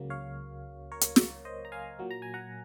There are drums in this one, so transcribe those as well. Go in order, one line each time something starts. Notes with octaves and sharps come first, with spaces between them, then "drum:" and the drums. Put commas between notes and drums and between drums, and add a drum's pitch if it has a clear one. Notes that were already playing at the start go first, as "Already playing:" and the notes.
Already playing: C#2 C#3 F#3 A#3
C#5 F5
A#4 C#5
drum: hi-hat
drum: snare
C5 D#5
A#5
F5 G#5
A#2 F#3 A#3
A#5
G#5
F#5 A#5